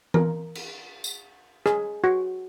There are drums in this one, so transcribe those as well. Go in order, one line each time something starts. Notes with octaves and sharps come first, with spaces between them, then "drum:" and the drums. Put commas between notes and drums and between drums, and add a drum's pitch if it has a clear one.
A#4, drum: tom E3
drum: cymbal
drum: tambourine
G#4, drum: rim click
F#4